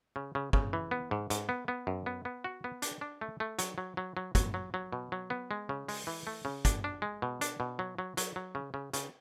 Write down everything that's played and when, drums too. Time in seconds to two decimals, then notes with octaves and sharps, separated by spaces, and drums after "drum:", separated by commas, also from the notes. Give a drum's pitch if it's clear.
0.16 C#3
0.35 C#3
0.53 C#3, drum: kick
0.73 E3
0.91 B3
1.11 G#2
1.30 G#2, drum: hi-hat
1.49 B3
1.68 B3
1.87 F#2
2.06 B3
2.25 B3
2.44 F#4
2.64 B3
2.82 D4, drum: hi-hat
3.01 D4
3.21 A3
3.40 A3
3.59 F#3, drum: hi-hat
3.78 F#3
3.97 F#3
4.17 F#3
4.35 F#3, drum: kick, hi-hat
4.54 F#3
4.74 F#3
4.92 B2
5.12 F#3
5.30 B3
5.51 G#3
5.69 C#3
5.88 G#3, drum: open hi-hat
6.07 E3
6.27 A3
6.45 C#3
6.65 D4, drum: kick, hi-hat
6.84 D4
7.02 G#3
7.22 B2
7.41 D4, drum: hi-hat
7.60 B2
7.79 F#3
7.98 F#3
8.17 F#3, drum: hi-hat
8.36 F#3
8.55 C#3
8.74 C#3
8.93 C#3, drum: hi-hat